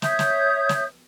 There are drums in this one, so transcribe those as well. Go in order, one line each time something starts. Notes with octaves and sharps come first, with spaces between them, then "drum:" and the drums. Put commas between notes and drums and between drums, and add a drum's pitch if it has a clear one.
C#5 E5 D#6 G6, drum: snare
drum: snare
drum: snare